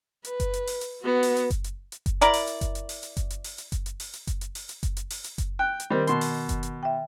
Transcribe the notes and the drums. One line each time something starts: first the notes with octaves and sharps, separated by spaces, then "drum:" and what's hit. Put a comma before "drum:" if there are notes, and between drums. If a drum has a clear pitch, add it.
B4, drum: hi-hat
drum: kick F#1, hi-hat
drum: hi-hat
drum: open hi-hat
drum: hi-hat
B3 F#4
drum: open hi-hat
drum: hi-hat
drum: kick F#1, hi-hat
drum: hi-hat
drum: hi-hat
drum: kick F#1, hi-hat
E4 A#4 D5, drum: hi-hat
drum: open hi-hat
drum: hi-hat
drum: kick F#1, hi-hat
drum: hi-hat
drum: open hi-hat
drum: hi-hat
drum: kick F#1, hi-hat
drum: hi-hat
drum: open hi-hat
drum: hi-hat
drum: kick F#1, hi-hat
drum: hi-hat
drum: open hi-hat
drum: hi-hat
drum: kick F#1, hi-hat
drum: hi-hat
drum: open hi-hat
drum: hi-hat
drum: kick F#1, hi-hat
drum: hi-hat
drum: open hi-hat
drum: hi-hat
drum: kick F#1, hi-hat
G5 F#6
drum: hi-hat
D#3 G3 C4 A#4
B2 C6, drum: hi-hat
drum: open hi-hat
drum: kick F#1, hi-hat
drum: hi-hat
E5 G5